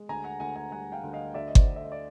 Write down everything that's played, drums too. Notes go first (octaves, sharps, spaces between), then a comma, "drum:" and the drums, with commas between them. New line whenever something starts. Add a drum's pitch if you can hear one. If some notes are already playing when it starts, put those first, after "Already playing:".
Already playing: G#3
D2 G#5 A#5
F#5 G#5
D2 F#5 G#5
F#5 G#5
G3 F#5 G#5
F5 G5
D2
D#5 F5
D2 D5 E5
D#5
C5 D5, drum: kick G1
D3
E5
D#5
D5